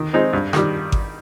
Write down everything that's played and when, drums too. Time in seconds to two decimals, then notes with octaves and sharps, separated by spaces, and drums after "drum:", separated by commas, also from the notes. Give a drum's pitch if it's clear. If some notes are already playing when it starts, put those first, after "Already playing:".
Already playing: D#3
0.13 G#3 C4 D#4
0.33 G2
0.53 D#3 G3, drum: rim click
0.92 drum: kick G#1